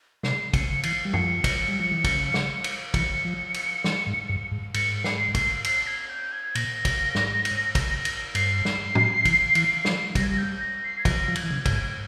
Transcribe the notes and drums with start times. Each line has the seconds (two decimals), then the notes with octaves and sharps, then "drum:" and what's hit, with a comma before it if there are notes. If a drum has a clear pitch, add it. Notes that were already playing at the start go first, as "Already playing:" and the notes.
0.23 C3 C7, drum: snare
0.53 C#3 C#7, drum: kick, cymbal
0.83 E3 C7, drum: cymbal
1.05 G3
1.13 F3 C#7, drum: tom F#2
1.44 drum: kick, cymbal
1.68 G3
1.80 F3
1.92 E3
2.04 C#3, drum: kick, cymbal
2.34 drum: snare
2.64 drum: cymbal
2.94 E3 C#7, drum: kick, cymbal
3.25 F3
3.54 drum: cymbal
3.84 E3, drum: snare
4.07 G#2
4.29 G2
4.51 G#2
4.74 G#2 C#7, drum: cymbal
5.04 C7, drum: snare
5.35 C7, drum: kick, cymbal
5.64 C7, drum: cymbal
5.87 G#6
6.09 G6
6.32 G#6
6.55 A#2 A#6, drum: cymbal
6.85 drum: kick, cymbal
7.15 G#2, drum: snare
7.45 drum: cymbal
7.75 drum: kick, cymbal
8.05 drum: cymbal
8.35 G2 C7, drum: cymbal
8.65 drum: snare
8.95 drum: tom A2
9.25 E3, drum: kick, cymbal
9.55 E3, drum: cymbal
9.85 F3, drum: snare
10.15 G3 A#6, drum: kick, cymbal
10.23 G#6
10.30 A#6
10.38 G6
10.60 A#6
10.84 C7
10.99 G#6
11.05 F3 A#6, drum: kick, cymbal
11.28 F3
11.36 G#6, drum: cymbal
11.44 E3
11.51 C#3
11.66 G2 G#6, drum: kick, cymbal
11.73 G#2